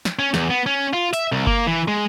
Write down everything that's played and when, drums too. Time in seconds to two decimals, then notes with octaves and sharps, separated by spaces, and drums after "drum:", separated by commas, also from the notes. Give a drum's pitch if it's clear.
0.05 drum: snare
0.19 C#4
0.34 E2, drum: snare
0.50 B3
0.66 C#4
0.93 F4
1.13 E5, drum: hi-hat
1.32 C2
1.47 A#3, drum: kick F#1
1.67 E3
1.88 G#3